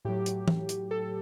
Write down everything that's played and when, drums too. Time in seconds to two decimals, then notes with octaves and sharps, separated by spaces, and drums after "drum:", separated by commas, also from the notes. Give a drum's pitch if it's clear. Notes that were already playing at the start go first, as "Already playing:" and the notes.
0.05 A2 F#3 G4
0.26 drum: hi-hat
0.48 drum: tom
0.69 drum: hi-hat
0.91 A4